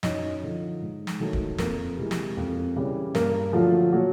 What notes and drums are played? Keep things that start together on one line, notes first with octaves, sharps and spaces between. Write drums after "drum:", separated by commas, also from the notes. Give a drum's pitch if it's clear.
F#2 D#4 D#5, drum: snare
D3 F3
G#2
drum: snare
D#3 F#3 A3
drum: kick
F2 A#3 A#4, drum: snare
C3 E3 G#3
drum: snare
F2
C#3 E3 G3
G2 A#3 A#4, drum: snare
D3 F3 F#3 A3 F4
A#2 F#3 F#4